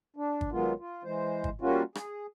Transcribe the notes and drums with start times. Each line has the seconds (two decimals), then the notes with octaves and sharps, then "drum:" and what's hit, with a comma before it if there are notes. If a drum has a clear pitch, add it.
0.16 D4
0.41 drum: kick
0.52 D#3 F#3 G#3 B3 F4
0.80 F4
1.04 E3 G#3 C5
1.44 drum: kick
1.61 G3 A#3 C#4 F4 F#4
1.95 G#4, drum: rim click